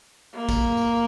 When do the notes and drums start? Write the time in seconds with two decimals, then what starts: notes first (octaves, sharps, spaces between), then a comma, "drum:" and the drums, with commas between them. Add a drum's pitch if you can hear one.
0.35 A#3
0.49 drum: kick, tambourine
0.77 drum: tambourine